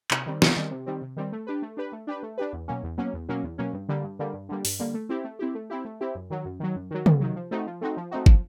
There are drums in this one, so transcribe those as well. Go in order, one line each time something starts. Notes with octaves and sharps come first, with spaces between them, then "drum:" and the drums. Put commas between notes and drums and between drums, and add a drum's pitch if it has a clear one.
C3, drum: clap
D#3 G3 C4
C3, drum: snare
D#3 G3 C4
C3
D#3 G3 C4
C3
D#3 G3 C4
A3
D4 G4 B4
A3
D4 G4 B4
A3
D4 G4 B4
A3
D4 G4 B4
E2
B2 F#3 A#3 C#4
E2
B2 F#3 A#3 C#4
E2
B2 F#3 A#3 C#4
E2
B2 F#3 A#3 C#4
G2
D3 G3 A#3
G2
D3 G3 A#3
G2
D3 G3 A#3
G2, drum: open hi-hat
D3 G3 A#3
A3
C4 E4 G4
A3
C4 E4 G4
A3
C4 E4 G4
A3
C4 E4 G4
F#2
D#3 F#3
F#2
D#3 F#3
F#2
D#3 F#3
F#2, drum: tom
D#3 F#3
F3
A3 C4 D#4 F#4
F3
A3 C4 D#4 F#4
F3
A3 C4 D#4 F#4
F3, drum: kick